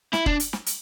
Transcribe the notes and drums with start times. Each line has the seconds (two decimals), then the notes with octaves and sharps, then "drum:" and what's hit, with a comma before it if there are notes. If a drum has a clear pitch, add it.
0.13 E4, drum: snare
0.26 D4, drum: kick
0.40 drum: hi-hat
0.53 drum: snare
0.66 drum: hi-hat